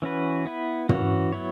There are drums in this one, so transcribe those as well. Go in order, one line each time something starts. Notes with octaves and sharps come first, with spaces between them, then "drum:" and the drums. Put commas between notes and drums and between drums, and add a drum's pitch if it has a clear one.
E3 C#4 F#4 B4
B3 E4 B4
E3 C#4 F#4 C#5, drum: tom
F#3 B3 E4 C#5